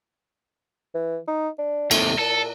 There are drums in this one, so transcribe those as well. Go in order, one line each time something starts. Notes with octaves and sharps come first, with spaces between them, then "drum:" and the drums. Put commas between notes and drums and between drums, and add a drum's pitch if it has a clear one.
E3
D#4
D4
D#2 C3 A3, drum: cymbal
A#2 A4